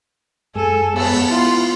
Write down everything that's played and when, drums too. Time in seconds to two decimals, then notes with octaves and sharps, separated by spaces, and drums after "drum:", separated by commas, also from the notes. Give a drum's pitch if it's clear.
0.55 F#2 G#3 A4 G#5 E6
0.96 B3 A5, drum: cymbal
1.30 E4 F4